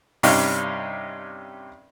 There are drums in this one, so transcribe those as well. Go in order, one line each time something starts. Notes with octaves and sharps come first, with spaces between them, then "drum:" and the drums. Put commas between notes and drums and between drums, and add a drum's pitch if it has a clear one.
G2 C3 C#4 D#4 F5, drum: open hi-hat